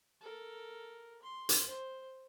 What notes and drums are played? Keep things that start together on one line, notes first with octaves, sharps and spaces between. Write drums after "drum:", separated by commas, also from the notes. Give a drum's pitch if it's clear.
A4 A#4
C6
drum: hi-hat
C5